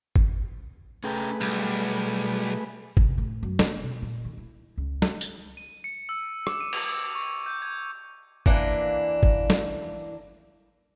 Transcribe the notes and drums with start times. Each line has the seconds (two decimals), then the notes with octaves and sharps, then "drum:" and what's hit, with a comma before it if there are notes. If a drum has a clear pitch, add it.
0.16 drum: kick G1
1.04 A3 C#4 G#4 B4 G5 A#5
1.41 B1 G3
2.97 C2, drum: kick G1
3.18 A2
3.43 F#2
3.59 A#3, drum: snare
3.82 B1
4.02 A#2
4.25 D#3
4.37 E4
4.78 C#2
5.02 drum: snare
5.21 drum: tambourine
5.57 D#7
5.84 C#7
6.09 E6
6.47 D6, drum: rim click
6.61 D#7
6.73 F7, drum: cymbal
7.15 C#6
7.46 G6
7.62 G#6
8.46 E3 A#3 D4, drum: kick G1
9.23 drum: kick G1
9.50 drum: snare